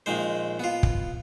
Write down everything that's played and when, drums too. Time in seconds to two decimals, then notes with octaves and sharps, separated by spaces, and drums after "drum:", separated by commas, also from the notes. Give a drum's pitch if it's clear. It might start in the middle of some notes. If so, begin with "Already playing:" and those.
0.06 A#1 D#3 G#3 C5
0.60 B3 F4
0.83 drum: kick